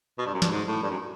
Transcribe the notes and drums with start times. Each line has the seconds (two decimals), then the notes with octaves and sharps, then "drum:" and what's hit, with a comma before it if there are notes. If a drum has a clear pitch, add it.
0.18 B2
0.26 G2
0.34 F#2
0.42 G2, drum: snare
0.50 G#2
0.67 A2
0.83 G2
0.90 F#2